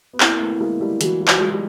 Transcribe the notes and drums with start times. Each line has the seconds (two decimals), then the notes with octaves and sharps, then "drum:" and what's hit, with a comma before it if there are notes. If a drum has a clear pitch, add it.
0.13 B3
0.20 A#3 C4 E4, drum: clap
0.33 A#3
0.41 A3 B3
0.60 G#3 A#3
0.80 G3 A3
1.01 E3 F#3 F#4 G#4, drum: hi-hat
1.20 F3 G3
1.28 F#4, drum: clap
1.41 F#3 G#3
1.52 G3